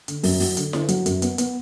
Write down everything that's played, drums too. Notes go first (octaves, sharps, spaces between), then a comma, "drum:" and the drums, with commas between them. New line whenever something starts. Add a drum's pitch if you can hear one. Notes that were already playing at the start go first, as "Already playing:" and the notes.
D3, drum: hi-hat
F#2, drum: open hi-hat
F#3, drum: open hi-hat
D3, drum: hi-hat
D3, drum: snare E4
F#3, drum: hi-hat
F#2, drum: hi-hat
B3, drum: hi-hat
B3, drum: hi-hat